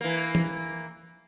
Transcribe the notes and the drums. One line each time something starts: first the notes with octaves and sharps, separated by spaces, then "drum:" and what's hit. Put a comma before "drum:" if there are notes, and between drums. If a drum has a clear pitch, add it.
E3 A#3
drum: tom E3